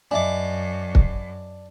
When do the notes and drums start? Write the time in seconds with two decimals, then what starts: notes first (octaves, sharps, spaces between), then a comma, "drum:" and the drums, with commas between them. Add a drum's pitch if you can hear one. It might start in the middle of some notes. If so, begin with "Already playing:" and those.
0.11 F#2 D4 D#5 E5 G#5 D6
0.95 drum: kick